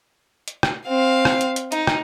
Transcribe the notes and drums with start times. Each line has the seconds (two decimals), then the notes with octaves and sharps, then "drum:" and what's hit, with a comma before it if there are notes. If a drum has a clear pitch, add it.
0.48 drum: hi-hat
0.63 drum: rim click
0.87 C4 F5
1.25 drum: rim click
1.41 drum: hi-hat
1.56 drum: hi-hat
1.72 D#4, drum: hi-hat
1.87 drum: rim click